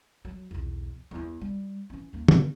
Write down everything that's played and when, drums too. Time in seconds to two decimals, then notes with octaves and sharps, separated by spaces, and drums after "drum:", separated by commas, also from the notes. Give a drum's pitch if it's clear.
0.25 F#3
0.51 B1 E2
1.11 E2 E4
1.41 G3
1.90 E3 C#4
2.13 D#2 A#3
2.28 drum: tom